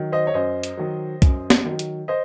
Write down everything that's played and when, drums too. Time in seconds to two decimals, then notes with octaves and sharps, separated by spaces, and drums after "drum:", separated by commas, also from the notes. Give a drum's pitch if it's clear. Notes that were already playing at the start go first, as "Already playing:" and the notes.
Already playing: D#3 F#3
0.12 C5 D#5
0.27 C#5
0.34 F#2 C5 D#5
0.63 drum: hi-hat
0.77 D#3 F#3
1.22 F#2, drum: kick, hi-hat
1.50 drum: snare
1.65 D#3 F#3
1.79 drum: hi-hat
2.08 C5 D#5